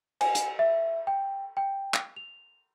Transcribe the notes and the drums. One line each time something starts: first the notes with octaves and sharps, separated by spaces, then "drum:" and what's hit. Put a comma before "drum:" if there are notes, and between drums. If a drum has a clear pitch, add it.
G#5, drum: cymbal
drum: hi-hat
E5
G5
G5
drum: clap
F7